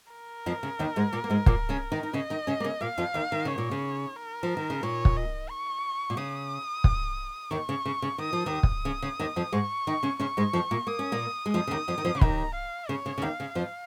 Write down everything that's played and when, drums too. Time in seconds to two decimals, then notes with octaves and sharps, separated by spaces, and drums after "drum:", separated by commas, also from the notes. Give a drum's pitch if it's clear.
0.12 A#4
0.46 F2 F3
0.63 C#3
0.79 D#2 D#3
0.96 G#2 G#3
1.13 A#2 A#3
1.24 A#3
1.30 G#2 G#3
1.46 A#2 A#3, drum: kick
1.69 C#3 C#4
1.92 D#3 D#4
2.03 D#4
2.13 C#3 C#4 D#5
2.30 D#3 D#4
2.47 C#3 C#4
2.60 A#3
2.64 C#3 C#4
2.81 A#2 A#3 F5
2.98 F2 F3
3.14 D#2 D#3
3.32 D#3
3.45 C#3 C#5
3.58 A#2
3.71 C#3
4.16 A#4
4.43 F3
4.57 D#3
4.70 C#3
4.83 A#2 C#5
5.05 drum: kick
5.16 D#5
5.50 C#6
6.10 A#2
6.17 C#3 D#6
6.84 drum: kick
7.51 D#2 D#3 C#6
7.69 C#3
7.85 C#3
8.02 C#3
8.18 D#3 D#6
8.33 F3
8.46 D#2 D#3
8.52 D#6
8.63 drum: kick
8.85 C#3
9.02 C#3
9.19 D#2 D#3
9.36 F2 F3
9.52 G#2 G#3 C#6
9.87 D#3 D#4
10.03 C#3 C#4
10.19 C#3 C#4 C#6
10.37 G#2 G#3
10.53 F2 F3
10.71 A#2 A#3
10.87 A#3 D#6
10.99 C#4
11.12 A#2 A#3
11.46 G#3
11.54 F2 F3 D#6
11.67 C#3
11.71 D#2 D#3
11.88 F2 F3
11.98 D#3
12.05 F2 F3
12.15 C#3
12.21 D#2 D#3 A#5, drum: kick
12.55 F5
12.89 C#3 C#5
13.06 C#3
13.18 C#3
13.22 D#2 D#3 F5
13.40 C#3
13.55 F2 F3 F5